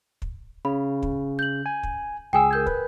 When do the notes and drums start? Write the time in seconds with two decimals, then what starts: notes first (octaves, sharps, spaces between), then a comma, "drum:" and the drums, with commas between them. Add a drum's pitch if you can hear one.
0.22 drum: kick
0.65 C#3 B5
1.03 drum: kick
1.39 G6 F#7
1.66 G#5
1.83 drum: kick
2.33 C#2 G#4 G5 G#5 E6
2.51 A#4 G6 G#6
2.67 B4, drum: kick